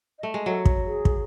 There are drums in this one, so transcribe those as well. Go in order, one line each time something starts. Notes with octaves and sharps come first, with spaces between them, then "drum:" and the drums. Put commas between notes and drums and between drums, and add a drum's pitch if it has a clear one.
D#5
A3
G#3
F#3 A4
drum: kick
G#4
drum: kick